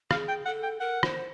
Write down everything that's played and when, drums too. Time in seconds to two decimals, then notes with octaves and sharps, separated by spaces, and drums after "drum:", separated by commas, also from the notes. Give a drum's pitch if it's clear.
0.11 G#4 F5, drum: rim click
0.28 G5
0.46 A4 F#5
0.63 G5
0.80 A#4 F#5
1.03 C5, drum: rim click